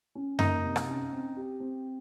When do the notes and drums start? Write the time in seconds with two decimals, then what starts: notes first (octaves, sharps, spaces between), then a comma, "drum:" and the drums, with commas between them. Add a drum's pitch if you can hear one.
0.15 C#4
0.39 A#3 D#4, drum: tom F#2
0.64 C3
0.76 drum: rim click
0.88 C#4
1.12 C4
1.37 G4
1.60 C4